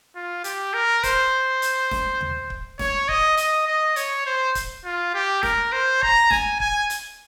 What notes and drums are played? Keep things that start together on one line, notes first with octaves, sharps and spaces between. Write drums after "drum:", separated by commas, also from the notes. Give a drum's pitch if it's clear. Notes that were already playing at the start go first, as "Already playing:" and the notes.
F4
G4, drum: hi-hat
A#4
C5, drum: kick C#1, hi-hat
drum: hi-hat
drum: snare
drum: tom D#2
drum: kick C#1
C#5, drum: snare
D#5, drum: kick C#1
D#5, drum: hi-hat
D#5
C#5, drum: hi-hat
C5
drum: kick C#1, hi-hat
F4
G4
A#4, drum: snare
C5
A#5, drum: kick C#1
G#5, drum: snare
G#5, drum: kick C#1
drum: hi-hat